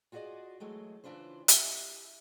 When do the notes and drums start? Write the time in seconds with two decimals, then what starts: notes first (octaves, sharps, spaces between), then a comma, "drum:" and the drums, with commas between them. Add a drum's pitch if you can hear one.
0.12 F4 F#4 G#4 B4 D5 D#5
0.60 E3 F#3 G#3 A3
1.04 C#3 E3 D4 F4 B4 C5
1.48 G4 E5, drum: hi-hat